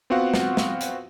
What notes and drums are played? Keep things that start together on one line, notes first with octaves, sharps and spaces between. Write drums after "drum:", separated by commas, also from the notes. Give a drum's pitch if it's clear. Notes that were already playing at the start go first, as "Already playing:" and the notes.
B3 C4 F4 F#4 F5 F#5
drum: snare
drum: snare
drum: hi-hat